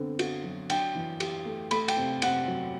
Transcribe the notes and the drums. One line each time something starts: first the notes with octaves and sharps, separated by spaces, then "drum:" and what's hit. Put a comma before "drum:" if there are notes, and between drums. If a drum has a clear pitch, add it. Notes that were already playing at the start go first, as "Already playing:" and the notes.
Already playing: D3 B3 C4
F#4, drum: cymbal
F#3
D4 G5, drum: cymbal
E3
G4, drum: cymbal
A3
A3 B5, drum: cymbal
G5, drum: cymbal
C3
C3 F#5, drum: cymbal
F#3